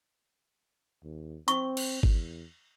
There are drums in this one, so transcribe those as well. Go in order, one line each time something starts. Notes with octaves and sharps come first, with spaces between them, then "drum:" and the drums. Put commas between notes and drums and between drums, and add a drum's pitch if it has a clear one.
D#2
C4 C#6, drum: hi-hat
drum: cymbal
E2, drum: kick G#1